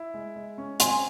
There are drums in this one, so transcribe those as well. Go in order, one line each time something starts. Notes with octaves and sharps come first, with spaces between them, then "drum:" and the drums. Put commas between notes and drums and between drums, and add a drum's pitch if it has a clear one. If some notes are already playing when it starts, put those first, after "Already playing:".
Already playing: E4
G#3
G#3
C#4
C4 G#5 C6, drum: hi-hat